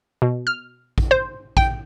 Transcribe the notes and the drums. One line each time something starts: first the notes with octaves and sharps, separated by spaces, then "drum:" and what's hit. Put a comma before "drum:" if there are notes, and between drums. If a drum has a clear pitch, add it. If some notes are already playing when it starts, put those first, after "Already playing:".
B2
F6
drum: kick A#1
C5
G5, drum: kick A#1